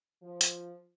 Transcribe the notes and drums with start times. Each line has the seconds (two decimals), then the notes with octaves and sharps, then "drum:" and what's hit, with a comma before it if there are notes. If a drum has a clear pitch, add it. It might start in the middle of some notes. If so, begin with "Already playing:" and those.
0.22 F3
0.41 drum: hi-hat